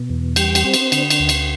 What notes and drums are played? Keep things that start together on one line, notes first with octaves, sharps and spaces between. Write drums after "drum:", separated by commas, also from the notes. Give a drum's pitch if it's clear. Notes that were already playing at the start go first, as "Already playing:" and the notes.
Already playing: B2
E2
G3 G5, drum: cymbal
drum: cymbal
C4
drum: cymbal
D3, drum: cymbal
drum: cymbal
D2
drum: cymbal